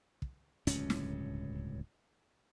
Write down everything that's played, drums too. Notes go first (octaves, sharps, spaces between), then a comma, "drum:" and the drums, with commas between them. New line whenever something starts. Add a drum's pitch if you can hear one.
drum: kick
D1 C#2 G2 C#4, drum: hi-hat
drum: snare